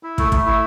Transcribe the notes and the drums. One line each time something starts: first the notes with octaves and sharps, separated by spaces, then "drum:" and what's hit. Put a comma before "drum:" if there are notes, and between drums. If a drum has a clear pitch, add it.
E4
A3, drum: kick
A3, drum: kick
E4